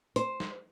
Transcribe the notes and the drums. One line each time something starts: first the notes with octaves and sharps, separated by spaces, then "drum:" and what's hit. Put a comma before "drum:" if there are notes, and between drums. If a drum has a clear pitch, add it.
C5, drum: hi-hat
drum: snare